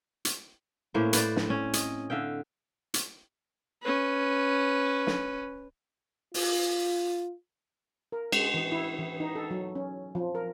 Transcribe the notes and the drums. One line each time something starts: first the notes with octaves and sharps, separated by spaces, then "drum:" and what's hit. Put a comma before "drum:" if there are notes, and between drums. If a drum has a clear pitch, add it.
drum: hi-hat
A2 A#3 C#4 C5
B4 C5 D5, drum: hi-hat
drum: snare
C4 C#4
D#5, drum: hi-hat
D3 E5 F5 G5
drum: hi-hat
C#4 B4
drum: snare
F4, drum: open hi-hat
A#4
G#3, drum: cymbal
E3
E4
E3
D#4
A4
F#3
C#4
F3
A#4